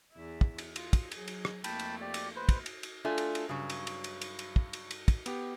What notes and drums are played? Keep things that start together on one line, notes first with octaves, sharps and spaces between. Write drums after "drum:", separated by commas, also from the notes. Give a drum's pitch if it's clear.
E2 E4
drum: kick
drum: cymbal
F4, drum: cymbal
drum: kick, cymbal
F#3 G#4, drum: cymbal
drum: cymbal
drum: rim click
F2 A3 A#3 G5 A5 B5, drum: cymbal
drum: cymbal
G4 D5
drum: cymbal
B4 C5
drum: kick, cymbal
drum: cymbal
drum: cymbal
A3 D4 F4 G#5
drum: cymbal
drum: cymbal
G2 C#3 F#3
drum: cymbal
drum: cymbal
drum: cymbal
drum: cymbal
drum: cymbal
drum: kick
drum: cymbal
drum: cymbal
drum: kick, cymbal
B3 G4, drum: cymbal